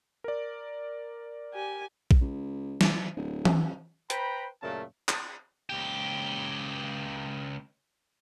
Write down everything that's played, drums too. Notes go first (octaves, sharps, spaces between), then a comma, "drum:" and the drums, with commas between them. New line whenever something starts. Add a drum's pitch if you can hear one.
A#4 D5
G4 G#5
drum: kick A#1
C#2
drum: snare
D1
drum: tom E3
B4 C5 G5 A#5 B5, drum: hi-hat
F#2 A#2 C#3 A3 A#4 A5
drum: clap
C#2 G4